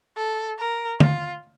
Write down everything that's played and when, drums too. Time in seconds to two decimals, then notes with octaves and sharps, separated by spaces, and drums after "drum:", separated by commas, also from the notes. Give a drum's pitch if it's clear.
0.17 A4
0.59 A#4
1.00 F4, drum: tom D3